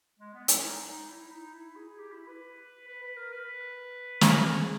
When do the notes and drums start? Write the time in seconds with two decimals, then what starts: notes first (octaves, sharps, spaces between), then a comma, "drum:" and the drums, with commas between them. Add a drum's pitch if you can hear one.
0.19 G#3
0.34 B3
0.48 C#4, drum: hi-hat
0.63 D#4
0.87 D#4
1.08 E4
1.31 D#4
1.53 E4
1.76 G#4
1.98 G4
2.12 E4
2.28 B4
2.87 B4
3.03 B4
3.17 A#4
3.32 B4
4.21 A#4, drum: snare
4.43 G#4